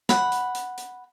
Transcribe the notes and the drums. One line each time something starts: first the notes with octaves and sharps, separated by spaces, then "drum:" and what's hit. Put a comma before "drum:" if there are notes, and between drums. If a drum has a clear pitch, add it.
F#5 B5, drum: snare
drum: hi-hat
drum: hi-hat
drum: hi-hat